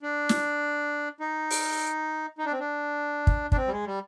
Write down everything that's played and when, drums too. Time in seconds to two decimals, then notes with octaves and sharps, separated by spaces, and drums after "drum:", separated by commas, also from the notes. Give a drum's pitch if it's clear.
0.02 D4
0.29 drum: snare
1.20 D#4
1.51 drum: open hi-hat
2.38 D#4
2.45 D4
2.52 C4
2.59 D4
3.27 drum: kick
3.52 D4, drum: kick
3.57 C4
3.67 G3
3.72 G#3
3.86 G3